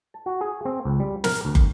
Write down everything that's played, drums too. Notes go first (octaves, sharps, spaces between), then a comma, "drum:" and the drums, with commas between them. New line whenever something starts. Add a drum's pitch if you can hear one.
A5
F#4
G#4
C4
C#2
G3
A#4, drum: snare
D2
drum: kick